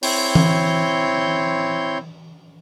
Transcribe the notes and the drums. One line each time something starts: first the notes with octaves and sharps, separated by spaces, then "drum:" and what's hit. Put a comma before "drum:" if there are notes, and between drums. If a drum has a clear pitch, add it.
C4 E4 C#5 C6 G6, drum: open hi-hat
drum: tom E3